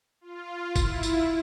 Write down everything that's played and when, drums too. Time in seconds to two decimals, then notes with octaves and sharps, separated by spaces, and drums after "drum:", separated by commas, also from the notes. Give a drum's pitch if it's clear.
0.21 F4
0.76 E4, drum: kick, tambourine
1.03 drum: tambourine